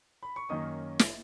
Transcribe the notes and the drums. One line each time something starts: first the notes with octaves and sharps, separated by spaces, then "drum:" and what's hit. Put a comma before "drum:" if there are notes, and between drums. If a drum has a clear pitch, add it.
B5
C#6
F#2 D#3 A#3 C#4 D#5 D#6
drum: snare